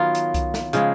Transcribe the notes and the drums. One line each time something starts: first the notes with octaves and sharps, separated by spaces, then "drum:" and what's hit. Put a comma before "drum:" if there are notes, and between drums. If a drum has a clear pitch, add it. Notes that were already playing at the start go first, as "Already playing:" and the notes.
Already playing: D#3 F#3 B3 F4 A#4 C#5
drum: hi-hat
drum: kick C2, hi-hat
drum: snare
C#3 F3 G#3, drum: hi-hat